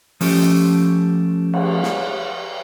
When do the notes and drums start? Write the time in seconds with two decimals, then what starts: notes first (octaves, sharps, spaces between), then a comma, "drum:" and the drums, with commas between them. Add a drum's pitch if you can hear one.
0.21 F3 A3 C#4 G4, drum: open hi-hat
1.54 drum: cymbal
1.83 drum: snare